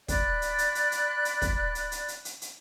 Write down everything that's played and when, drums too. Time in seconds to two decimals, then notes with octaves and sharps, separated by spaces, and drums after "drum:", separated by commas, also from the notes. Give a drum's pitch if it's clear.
0.08 D5 B5 F#6, drum: kick, hi-hat
0.42 drum: hi-hat
0.58 drum: hi-hat
0.75 drum: hi-hat
0.92 drum: hi-hat
1.25 drum: hi-hat
1.42 drum: kick, hi-hat
1.75 drum: hi-hat
1.92 drum: hi-hat
2.08 drum: hi-hat
2.25 drum: hi-hat
2.42 drum: hi-hat